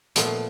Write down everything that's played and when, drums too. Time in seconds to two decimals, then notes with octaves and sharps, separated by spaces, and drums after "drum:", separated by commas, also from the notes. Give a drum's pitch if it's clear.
0.16 A#2 F3 A3 B3, drum: hi-hat